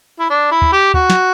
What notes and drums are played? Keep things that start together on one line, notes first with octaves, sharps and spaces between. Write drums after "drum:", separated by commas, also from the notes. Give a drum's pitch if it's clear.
E4
D4
E4
drum: kick
G4
F#4, drum: kick
drum: snare